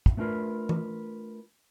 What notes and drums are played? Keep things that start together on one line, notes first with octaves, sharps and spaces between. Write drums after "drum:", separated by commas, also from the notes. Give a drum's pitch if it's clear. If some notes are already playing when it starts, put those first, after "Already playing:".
drum: kick
A3 B3 D4 F4 A#4 B4
drum: tom E3